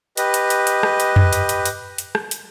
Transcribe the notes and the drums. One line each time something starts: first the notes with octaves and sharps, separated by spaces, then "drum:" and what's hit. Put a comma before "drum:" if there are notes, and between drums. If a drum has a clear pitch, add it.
G4 B4 D#5, drum: hi-hat
drum: hi-hat
drum: hi-hat
drum: hi-hat
drum: rim click
drum: hi-hat
drum: tom F2
drum: hi-hat
drum: hi-hat
drum: hi-hat
drum: hi-hat
drum: rim click
drum: hi-hat